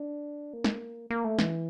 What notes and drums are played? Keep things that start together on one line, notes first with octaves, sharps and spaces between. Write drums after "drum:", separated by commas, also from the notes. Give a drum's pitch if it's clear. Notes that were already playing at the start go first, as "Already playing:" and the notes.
Already playing: D4
A#3
drum: snare
A#3
A3
E3, drum: snare